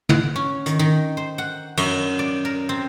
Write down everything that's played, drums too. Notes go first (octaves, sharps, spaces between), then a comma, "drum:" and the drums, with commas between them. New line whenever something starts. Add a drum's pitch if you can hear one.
F#5, drum: tom
C#4
D#3, drum: hi-hat
D#3
C5
F#5
F#2, drum: cymbal
D5
A#4
C4